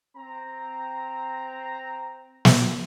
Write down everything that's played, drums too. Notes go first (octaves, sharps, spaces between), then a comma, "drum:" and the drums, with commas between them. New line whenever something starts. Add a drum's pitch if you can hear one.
C4 A#5
drum: snare